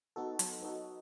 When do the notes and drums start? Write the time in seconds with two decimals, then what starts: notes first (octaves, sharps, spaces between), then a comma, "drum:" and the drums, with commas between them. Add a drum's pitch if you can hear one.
0.16 B3 D#4 F#4 A4
0.39 F#3, drum: hi-hat
0.62 B3 D#4 F#4 A4